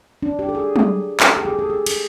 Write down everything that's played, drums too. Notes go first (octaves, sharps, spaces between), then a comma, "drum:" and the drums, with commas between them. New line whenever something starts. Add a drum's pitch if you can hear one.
D4
G4
A4
G#4
drum: tom
A4, drum: clap
G4
G#4
A4
G#4
G#4, drum: cymbal